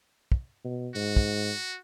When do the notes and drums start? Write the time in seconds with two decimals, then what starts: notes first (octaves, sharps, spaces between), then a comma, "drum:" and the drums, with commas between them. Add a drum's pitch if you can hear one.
0.32 drum: kick
0.64 B2
0.95 G#2 F#4
1.16 drum: kick